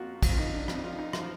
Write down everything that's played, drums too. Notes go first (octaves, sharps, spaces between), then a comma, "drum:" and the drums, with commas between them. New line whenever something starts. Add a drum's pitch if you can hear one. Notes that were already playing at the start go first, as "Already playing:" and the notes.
Already playing: F2 F3 A#3 F4 F#4
F2 F3, drum: kick, cymbal
F4
D#4
D4
F2 F3 D#4, drum: rim click
F4
D#4
F3 F4, drum: rim click